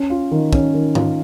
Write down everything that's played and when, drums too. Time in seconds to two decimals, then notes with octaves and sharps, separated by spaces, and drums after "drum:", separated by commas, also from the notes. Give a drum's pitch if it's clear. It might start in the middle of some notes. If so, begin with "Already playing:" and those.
Already playing: C#4
0.10 F4
0.31 D#3
0.53 C#4, drum: kick
0.74 D#3
0.95 F4, drum: tom G#2